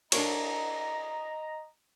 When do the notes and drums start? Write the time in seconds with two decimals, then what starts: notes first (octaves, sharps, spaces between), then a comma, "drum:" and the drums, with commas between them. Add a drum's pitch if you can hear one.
0.12 D4 A#4 C#5 D#5 A#5, drum: cymbal